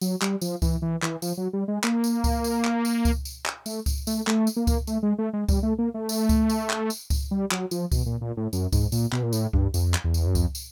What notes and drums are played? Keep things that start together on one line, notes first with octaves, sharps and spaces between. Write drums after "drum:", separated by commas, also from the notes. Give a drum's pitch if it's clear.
F#3, drum: tambourine
G3, drum: clap
F3, drum: tambourine
E3, drum: kick C#2, tambourine
E3
E3, drum: clap
F3, drum: tambourine
F#3
G3
G#3
A#3, drum: clap
drum: tambourine
drum: kick C#2, tambourine
drum: tambourine
drum: clap
drum: tambourine
drum: kick C#2, tambourine
drum: tambourine
drum: clap
A3, drum: tambourine
drum: kick C#2, tambourine
A3, drum: tambourine
A3, drum: clap
drum: tambourine
A#3
drum: kick C#2, tambourine
A3, drum: tambourine
G#3
A3
G#3
G3, drum: kick C#2, tambourine
A3
A#3
A3
drum: tambourine
drum: kick C#2, tambourine
drum: tambourine
drum: clap
drum: tambourine
drum: kick C#2, tambourine
G3
F#3, drum: clap
F3, drum: tambourine
B2, drum: kick C#2, tambourine
A#2
A#2
A2
F#2, drum: tambourine
G#2, drum: kick C#2, tambourine
A#2, drum: tambourine
B2, drum: clap
A#2
A2, drum: tambourine
G2, drum: kick C#2
F2, drum: tambourine
drum: clap
E2
drum: tambourine
F#2
F2, drum: kick C#2, tambourine
drum: tambourine